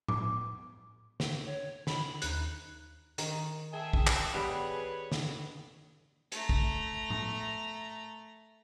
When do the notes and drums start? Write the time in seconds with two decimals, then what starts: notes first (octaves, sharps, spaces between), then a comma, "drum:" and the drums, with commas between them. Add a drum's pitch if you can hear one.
0.08 D6, drum: tom A2
1.20 drum: snare
1.44 C#5
1.87 B5, drum: snare
2.22 D#2 D#4 F#6, drum: hi-hat
3.18 D#3, drum: hi-hat
3.73 G#4 E5 G5 A5
3.93 drum: kick A#1
4.07 drum: clap
4.34 G3 B3 B4 C#5
5.12 drum: snare
6.32 A3 A#5, drum: hi-hat
6.49 drum: kick A#1
7.10 drum: tom A2